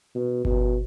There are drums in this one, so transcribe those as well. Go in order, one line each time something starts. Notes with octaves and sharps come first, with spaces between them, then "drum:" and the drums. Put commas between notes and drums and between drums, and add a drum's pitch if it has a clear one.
B2
B2, drum: kick G1